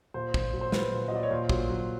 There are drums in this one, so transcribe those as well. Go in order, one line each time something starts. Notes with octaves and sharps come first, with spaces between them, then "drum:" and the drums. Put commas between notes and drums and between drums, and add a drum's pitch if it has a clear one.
A#2 C5
A#2, drum: kick
F#3
C5
F#3 B4, drum: snare
A#2
D#5
F#3 D5
C#5
A#2 C5
F#3, drum: kick
F#3